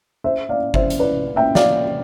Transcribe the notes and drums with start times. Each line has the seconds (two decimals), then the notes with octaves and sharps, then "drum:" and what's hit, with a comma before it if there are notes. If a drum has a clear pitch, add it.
0.24 C5 E5
0.49 D5 F5
0.74 C5 E5, drum: kick G1
0.90 drum: hi-hat
0.99 B4 D5
1.36 E5 G5
1.55 D5 F5, drum: snare